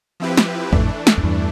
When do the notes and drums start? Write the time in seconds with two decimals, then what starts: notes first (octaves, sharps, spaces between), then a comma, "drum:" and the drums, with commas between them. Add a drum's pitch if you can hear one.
0.20 F3 C4 E4 G4 B4
0.37 drum: snare
0.73 F2 A2 E3 A3 D4, drum: kick
1.07 drum: snare
1.18 F2
1.23 E2 G2